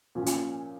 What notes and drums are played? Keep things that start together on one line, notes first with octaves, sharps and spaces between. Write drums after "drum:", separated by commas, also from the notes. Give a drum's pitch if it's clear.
A#2 F3 C#4
drum: hi-hat